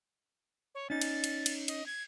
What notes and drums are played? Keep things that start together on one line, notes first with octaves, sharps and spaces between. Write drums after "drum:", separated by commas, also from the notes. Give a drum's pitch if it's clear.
C#5
C#4 D#4 A6
drum: cymbal
drum: cymbal
drum: cymbal
D#5, drum: cymbal
G#6